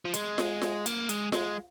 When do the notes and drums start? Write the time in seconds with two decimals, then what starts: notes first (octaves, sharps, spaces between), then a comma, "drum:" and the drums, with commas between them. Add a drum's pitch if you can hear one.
0.05 F3
0.14 G#3, drum: hi-hat
0.38 drum: snare F4
0.62 drum: snare F4
0.86 A#3, drum: hi-hat
1.09 G#3, drum: hi-hat
1.32 G#3, drum: snare F4